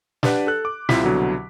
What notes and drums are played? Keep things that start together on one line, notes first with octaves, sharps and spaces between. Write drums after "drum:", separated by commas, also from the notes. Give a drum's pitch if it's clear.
D4 G4 B4 D5 F#5, drum: snare
A4 F#6
D6
C2 C3 E4 F4 B6, drum: snare
C2 B2 D3 F#3